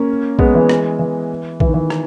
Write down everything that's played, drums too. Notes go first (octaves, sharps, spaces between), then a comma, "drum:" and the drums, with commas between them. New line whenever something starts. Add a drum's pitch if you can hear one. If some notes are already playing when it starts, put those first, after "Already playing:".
Already playing: A#3 C#4
G#3 B3, drum: kick A#1
E3 G#3
drum: rim click
E3
E3, drum: kick A#1
D#3
E3
drum: rim click